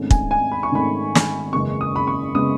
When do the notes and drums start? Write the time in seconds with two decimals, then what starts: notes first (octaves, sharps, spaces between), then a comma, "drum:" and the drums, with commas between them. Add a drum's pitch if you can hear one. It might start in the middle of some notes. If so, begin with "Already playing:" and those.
Already playing: G#1 G#2 D#3 A3 C#4
0.11 G#5, drum: kick
0.31 G#5
0.52 B5
0.63 C#6
0.72 G#1 G#2 D#3 A3 C#4 B5
1.15 drum: snare
1.53 F#1 E2 C#3 G#3 B3 C#6
1.81 D#6
1.96 B5
2.07 C#6
2.34 C#3 G#3 B3 D#6